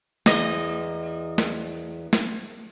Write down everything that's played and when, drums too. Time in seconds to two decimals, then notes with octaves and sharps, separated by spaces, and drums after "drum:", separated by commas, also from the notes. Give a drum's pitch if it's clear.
0.26 E2 D#5, drum: snare
1.38 drum: snare
2.13 drum: snare